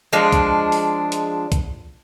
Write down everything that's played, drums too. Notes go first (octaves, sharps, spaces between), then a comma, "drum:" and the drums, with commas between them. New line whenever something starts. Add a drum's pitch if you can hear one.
F3 G#3 D4
drum: kick, hi-hat
drum: open hi-hat
drum: hi-hat
drum: kick, hi-hat